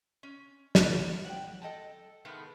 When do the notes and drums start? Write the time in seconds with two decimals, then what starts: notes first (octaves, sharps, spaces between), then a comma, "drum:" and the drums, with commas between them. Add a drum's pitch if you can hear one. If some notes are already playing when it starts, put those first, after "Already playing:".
0.23 C#4
0.75 F#4, drum: snare
1.25 F#5 G5
1.62 A4 D#5 G5 A5
2.25 A2 D#3 G#3 A3 B3